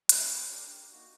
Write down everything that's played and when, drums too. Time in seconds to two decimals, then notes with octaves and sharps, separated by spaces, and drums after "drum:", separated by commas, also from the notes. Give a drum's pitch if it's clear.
0.09 G3 A#3 C#4 E4, drum: hi-hat
0.50 D4 G4 A#4
0.92 A#3 D#4 F#4